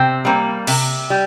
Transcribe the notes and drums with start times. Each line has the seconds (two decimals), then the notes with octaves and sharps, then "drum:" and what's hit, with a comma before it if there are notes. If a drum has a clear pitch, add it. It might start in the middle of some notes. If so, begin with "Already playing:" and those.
Already playing: C3 C4
0.25 G3 A#3
0.67 C3, drum: cymbal
1.10 G3